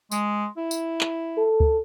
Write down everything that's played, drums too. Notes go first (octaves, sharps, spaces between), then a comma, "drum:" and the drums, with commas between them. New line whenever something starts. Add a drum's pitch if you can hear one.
G#3, drum: tambourine
E4
drum: tambourine
drum: clap
A4
drum: kick C#2